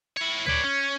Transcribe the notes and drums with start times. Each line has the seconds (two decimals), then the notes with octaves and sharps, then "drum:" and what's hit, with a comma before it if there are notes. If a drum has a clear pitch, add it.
0.17 E4 C#5
0.46 B4 C#5 D5, drum: tom
0.64 C#4